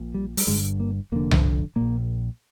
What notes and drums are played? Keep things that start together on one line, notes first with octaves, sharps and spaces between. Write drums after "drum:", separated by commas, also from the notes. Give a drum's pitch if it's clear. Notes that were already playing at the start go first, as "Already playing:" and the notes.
Already playing: A#1 A#2
G3
G3, drum: open hi-hat
G1 G2 D3 G#3
A#3
F1 F2 D3 A#3
drum: tom C2
A#1 A#2 A#3